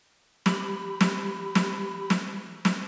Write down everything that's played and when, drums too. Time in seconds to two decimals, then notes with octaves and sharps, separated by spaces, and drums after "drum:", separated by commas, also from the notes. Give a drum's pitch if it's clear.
0.46 G4 B5, drum: snare
1.01 drum: snare
1.55 drum: snare
2.10 drum: snare
2.65 drum: snare